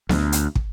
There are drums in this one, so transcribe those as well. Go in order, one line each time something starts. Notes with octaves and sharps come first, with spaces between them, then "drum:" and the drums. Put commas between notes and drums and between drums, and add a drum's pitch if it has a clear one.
D2, drum: snare B3
drum: hi-hat
drum: kick